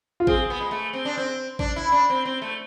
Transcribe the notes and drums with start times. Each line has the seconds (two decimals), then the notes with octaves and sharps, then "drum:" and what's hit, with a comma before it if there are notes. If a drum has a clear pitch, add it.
0.20 F4
0.27 C4 G#4, drum: kick A1
0.50 B3
0.61 G#3
0.71 A3
0.93 C4
1.05 D4
1.17 C4
1.59 D4, drum: kick A1
1.76 E4
1.92 D4
2.10 C4
2.25 C4
2.42 A3